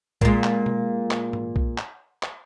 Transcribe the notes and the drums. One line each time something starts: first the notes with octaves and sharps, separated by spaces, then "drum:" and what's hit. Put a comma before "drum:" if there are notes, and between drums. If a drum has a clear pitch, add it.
A#2 G#3, drum: kick B1
drum: clap
drum: tom B2
drum: clap
drum: tom G#2
drum: kick B1
drum: clap
drum: clap